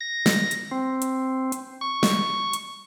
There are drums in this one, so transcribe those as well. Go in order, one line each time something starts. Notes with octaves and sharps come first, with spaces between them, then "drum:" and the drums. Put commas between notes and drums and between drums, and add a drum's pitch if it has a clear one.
A#6
drum: snare
drum: hi-hat
C4
drum: hi-hat
drum: hi-hat
C#6
drum: snare
drum: hi-hat